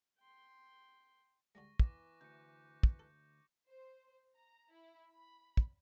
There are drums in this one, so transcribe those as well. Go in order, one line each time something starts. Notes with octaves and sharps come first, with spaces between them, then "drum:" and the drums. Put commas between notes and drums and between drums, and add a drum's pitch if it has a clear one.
G5 C6
D3 G3 G#3 C#6 A#6
E3 B3 B4 D6 A#6, drum: kick
D2 G6 C#7
drum: kick
A4
C5
A#5
E4
B5
drum: kick